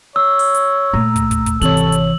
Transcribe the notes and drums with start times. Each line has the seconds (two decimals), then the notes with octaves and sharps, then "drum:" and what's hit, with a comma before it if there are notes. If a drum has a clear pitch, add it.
0.16 C#5 E6
0.39 drum: open hi-hat
0.54 drum: hi-hat
0.93 A#2 A3 A#5
1.16 drum: kick, hi-hat
1.31 drum: kick, hi-hat
1.46 drum: kick, hi-hat
1.62 G#1 C3 E3 A4 C#5 F#7, drum: hi-hat
1.77 drum: hi-hat
1.92 drum: hi-hat